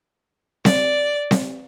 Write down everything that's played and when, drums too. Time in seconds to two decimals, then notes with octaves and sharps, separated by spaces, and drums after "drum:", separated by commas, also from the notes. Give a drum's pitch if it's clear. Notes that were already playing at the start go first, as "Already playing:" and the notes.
0.65 D5, drum: snare C4
1.31 drum: snare C4